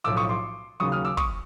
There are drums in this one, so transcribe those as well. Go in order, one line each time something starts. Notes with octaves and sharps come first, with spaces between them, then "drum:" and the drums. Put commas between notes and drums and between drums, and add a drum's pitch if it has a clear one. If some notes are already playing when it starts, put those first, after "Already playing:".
B1 A2 F3 D6 E6
C#6 D#6
C6 D6
D#2 C#3 F#3 C#6 D#6
D#6 F6
D6 E6
C#6 D#6, drum: kick